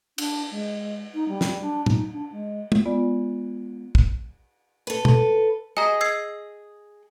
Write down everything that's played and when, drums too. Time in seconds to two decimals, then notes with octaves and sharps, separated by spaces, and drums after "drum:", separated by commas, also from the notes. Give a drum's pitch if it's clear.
0.18 D4, drum: cymbal
0.51 G#3
1.14 D#4
1.29 G3
1.41 drum: snare
1.62 D4
1.86 D#4, drum: tom
2.13 D4
2.32 G#3
2.72 drum: tom
2.85 G#3 B3 F4 D5
3.95 drum: kick
4.87 A4 B4
5.05 drum: tom
5.77 G#4 D#5 G#5 A#5
6.01 E6 G#6 C7